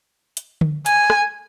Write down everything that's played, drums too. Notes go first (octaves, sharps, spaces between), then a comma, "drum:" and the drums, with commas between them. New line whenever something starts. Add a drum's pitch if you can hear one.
drum: hi-hat
drum: tom D3
G#5, drum: hi-hat
drum: rim click